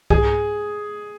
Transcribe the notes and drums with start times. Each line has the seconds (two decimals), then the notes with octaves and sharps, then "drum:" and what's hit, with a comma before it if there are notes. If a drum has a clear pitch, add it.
0.10 G#4, drum: kick C2